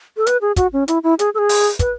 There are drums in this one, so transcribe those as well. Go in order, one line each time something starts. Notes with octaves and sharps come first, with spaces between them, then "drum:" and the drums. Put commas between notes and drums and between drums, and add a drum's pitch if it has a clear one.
A4
B4, drum: hi-hat
G#4
F#4, drum: kick, hi-hat
C#4
E4, drum: hi-hat
E4
G#4, drum: hi-hat
A4
G#4
drum: open hi-hat
B4, drum: kick, hi-hat